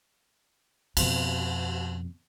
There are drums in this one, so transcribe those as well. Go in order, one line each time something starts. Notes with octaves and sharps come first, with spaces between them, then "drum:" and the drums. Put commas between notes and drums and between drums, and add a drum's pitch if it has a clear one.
F2 B2, drum: cymbal